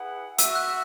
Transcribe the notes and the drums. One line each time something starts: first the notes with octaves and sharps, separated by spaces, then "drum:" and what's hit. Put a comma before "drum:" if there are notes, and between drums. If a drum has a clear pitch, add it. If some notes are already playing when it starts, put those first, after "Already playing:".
Already playing: E4 G#4 B4 F#5
F#4 E5 E6, drum: hi-hat
F#6